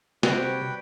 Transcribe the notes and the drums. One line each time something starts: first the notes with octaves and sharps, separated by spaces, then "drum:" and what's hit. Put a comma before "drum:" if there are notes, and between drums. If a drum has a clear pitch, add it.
C3 G3 F#4 B4 C#5 G5, drum: snare